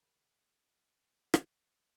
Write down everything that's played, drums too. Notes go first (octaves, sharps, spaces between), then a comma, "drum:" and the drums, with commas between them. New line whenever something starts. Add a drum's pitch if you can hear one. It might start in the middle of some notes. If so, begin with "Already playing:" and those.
C3 D#3 G#3 F4 G#4 A#4 F#5 B5
drum: rim click